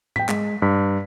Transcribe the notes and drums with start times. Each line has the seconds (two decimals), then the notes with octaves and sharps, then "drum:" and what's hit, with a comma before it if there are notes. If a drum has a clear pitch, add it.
0.16 G5 B6, drum: tom G#2
0.29 G#3, drum: clap
0.62 G2 B6